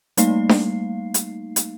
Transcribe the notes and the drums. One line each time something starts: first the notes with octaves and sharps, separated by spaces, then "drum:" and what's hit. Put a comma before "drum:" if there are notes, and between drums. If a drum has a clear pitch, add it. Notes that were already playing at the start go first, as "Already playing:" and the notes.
G3 A3 A#3 D#4 F5 C7, drum: hi-hat
drum: snare D4
drum: hi-hat
drum: hi-hat